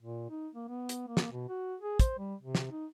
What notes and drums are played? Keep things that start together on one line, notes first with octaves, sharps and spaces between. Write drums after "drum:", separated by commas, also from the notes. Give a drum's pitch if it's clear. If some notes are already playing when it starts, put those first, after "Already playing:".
A#2
D#4
A#3
B3
drum: hi-hat
A#3
drum: snare
B2
F#4
G#4
C5, drum: kick, hi-hat
G3
C3
drum: snare
D#4